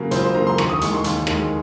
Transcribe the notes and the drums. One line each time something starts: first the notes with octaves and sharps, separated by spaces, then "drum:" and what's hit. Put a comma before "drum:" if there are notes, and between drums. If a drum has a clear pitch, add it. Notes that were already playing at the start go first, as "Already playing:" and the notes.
Already playing: C#3 F#3 A#3
C#2 C5, drum: hi-hat
C5
C#3 F#3 A#3 A#5
C6
D#2 C#6, drum: rim click
D#6
D#3 G#3 C#6, drum: hi-hat
C6
D#2, drum: hi-hat
D#3 G#3, drum: rim click